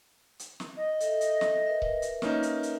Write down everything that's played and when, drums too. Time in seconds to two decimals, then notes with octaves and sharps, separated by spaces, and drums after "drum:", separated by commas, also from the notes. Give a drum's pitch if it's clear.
0.39 drum: hi-hat
0.60 drum: snare
0.77 D#5
1.00 A4 E5, drum: hi-hat
1.21 drum: hi-hat
1.41 drum: snare
1.66 A#4 B4 E5
1.82 drum: kick C#1
2.02 drum: hi-hat
2.22 A#3 C#4 D#4, drum: snare
2.43 drum: hi-hat
2.63 drum: hi-hat